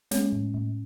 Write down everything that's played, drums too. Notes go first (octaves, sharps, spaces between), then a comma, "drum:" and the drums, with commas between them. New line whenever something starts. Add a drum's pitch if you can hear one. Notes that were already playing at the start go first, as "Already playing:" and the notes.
G#3 C#4, drum: snare
A2
A2